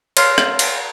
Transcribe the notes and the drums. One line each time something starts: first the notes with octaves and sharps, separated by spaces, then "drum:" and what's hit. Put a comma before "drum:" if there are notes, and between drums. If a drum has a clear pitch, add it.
C#5 C6 F6 C7, drum: cymbal
drum: rim click
drum: cymbal